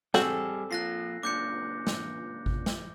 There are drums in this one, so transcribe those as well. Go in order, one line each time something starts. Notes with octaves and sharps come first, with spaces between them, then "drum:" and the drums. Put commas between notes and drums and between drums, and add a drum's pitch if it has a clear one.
G3 C4 F#4 G#4 A4, drum: snare
A#2 F3 F4 F#6 A#6 C7
C#2 A#2 D4 D6 G6 C#7
drum: snare
drum: kick G#1
drum: snare